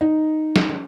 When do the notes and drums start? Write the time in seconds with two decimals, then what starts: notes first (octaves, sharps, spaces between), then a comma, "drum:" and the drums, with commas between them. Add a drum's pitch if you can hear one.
0.01 D#4
0.56 drum: snare